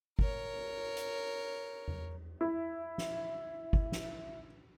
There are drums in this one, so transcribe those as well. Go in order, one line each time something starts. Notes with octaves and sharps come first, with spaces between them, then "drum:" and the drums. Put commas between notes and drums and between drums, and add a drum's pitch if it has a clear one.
A#4 C#5, drum: kick
drum: cymbal
drum: hi-hat
drum: tom E2
E4 E5
drum: snare
drum: kick
drum: snare